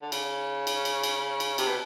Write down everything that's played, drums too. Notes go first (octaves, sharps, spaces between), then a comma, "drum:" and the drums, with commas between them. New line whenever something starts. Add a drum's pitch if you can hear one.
D3
C#3, drum: cymbal
drum: cymbal
drum: cymbal
drum: cymbal
drum: cymbal
C3, drum: cymbal
B2